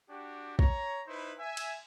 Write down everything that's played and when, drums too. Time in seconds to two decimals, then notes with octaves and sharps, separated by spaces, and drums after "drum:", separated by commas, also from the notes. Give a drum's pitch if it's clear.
0.11 D4 F#4 G4
0.59 C#5 A#5, drum: kick
1.07 D#4 E4 B4 C5
1.39 E5 G#5
1.57 drum: cymbal